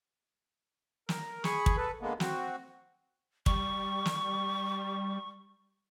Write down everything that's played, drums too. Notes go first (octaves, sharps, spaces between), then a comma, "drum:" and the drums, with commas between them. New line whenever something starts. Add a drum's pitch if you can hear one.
A#4, drum: snare
G#4 B5 C#6, drum: snare
drum: kick
A4 B4
D3 G#3 A#3 B3
C4 F#4, drum: snare
G3 C#6, drum: kick
drum: snare